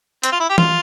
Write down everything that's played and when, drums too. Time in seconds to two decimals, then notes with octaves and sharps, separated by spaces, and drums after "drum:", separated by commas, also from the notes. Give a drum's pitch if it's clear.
0.23 C4, drum: hi-hat
0.32 F4
0.40 E4
0.49 G4
0.58 F4, drum: tom E3